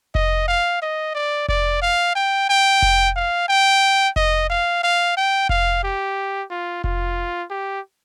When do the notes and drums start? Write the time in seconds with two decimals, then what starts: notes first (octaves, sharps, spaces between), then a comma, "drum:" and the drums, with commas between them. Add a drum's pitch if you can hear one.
0.15 D#5, drum: kick F1
0.48 F5
0.82 D#5
1.15 D5
1.48 D5, drum: kick F1
1.82 F5
2.15 G5
2.49 G5
2.82 drum: kick F1
3.16 F5
3.49 G5
4.16 D#5, drum: kick F1
4.50 F5
4.83 F5
5.17 G5
5.49 F5, drum: kick F1
5.83 G4
6.50 F4
6.84 F4, drum: kick F1
7.50 G4